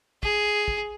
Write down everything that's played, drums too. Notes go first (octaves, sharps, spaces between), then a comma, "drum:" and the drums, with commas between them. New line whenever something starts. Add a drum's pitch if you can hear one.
G#4, drum: kick
drum: kick